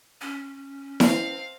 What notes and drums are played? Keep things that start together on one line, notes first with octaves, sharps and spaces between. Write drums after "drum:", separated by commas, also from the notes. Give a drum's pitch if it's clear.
C#4
C4 F5, drum: snare E4